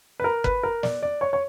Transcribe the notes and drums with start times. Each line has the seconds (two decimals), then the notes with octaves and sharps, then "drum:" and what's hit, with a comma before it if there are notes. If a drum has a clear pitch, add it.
0.20 B4
0.24 A#4
0.44 B4, drum: kick
0.63 A#4
0.83 D5, drum: snare
1.03 D5
1.21 C#5
1.33 C#5